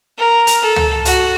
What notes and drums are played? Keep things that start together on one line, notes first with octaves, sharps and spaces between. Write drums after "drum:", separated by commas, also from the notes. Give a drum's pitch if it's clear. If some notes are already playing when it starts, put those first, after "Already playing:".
A#4
drum: hi-hat
A4
drum: tom C#2
F#4, drum: hi-hat